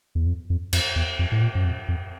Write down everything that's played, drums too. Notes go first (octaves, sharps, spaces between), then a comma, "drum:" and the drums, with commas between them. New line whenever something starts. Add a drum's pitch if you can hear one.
E2
F2
F2
F2, drum: cymbal
E2
F2
A2
A#2
F#2
F2
F2